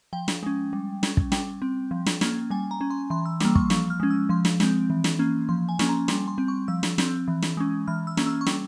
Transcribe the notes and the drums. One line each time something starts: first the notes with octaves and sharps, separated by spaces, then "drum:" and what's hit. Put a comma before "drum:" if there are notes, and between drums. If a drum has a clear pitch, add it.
F3 G5
drum: snare
G#3 C#4
G3
C#4, drum: snare
drum: kick
G3 G5, drum: snare
C4
F3
drum: snare
A#3 C#4, drum: snare
G3 G#5
A#5
C#4
C6
E3 C6
E6
G3 A#3 E6, drum: snare
C#6, drum: kick
F3 C#6, drum: snare
F6
G#3 C#4
E6
F3 C6
drum: snare
G#3 C4, drum: snare
E3
drum: snare
A#3 C#4
F3 C6
G#5
A#3 C#4, drum: snare
A#5
G3 C6, drum: snare
C6
C4
C#6
F3 E6
drum: snare
C4, drum: snare
E3
drum: snare
G#3 C#4
E3 F6
E6
A#3 C#4, drum: snare
E6
C#6
G3 E6, drum: snare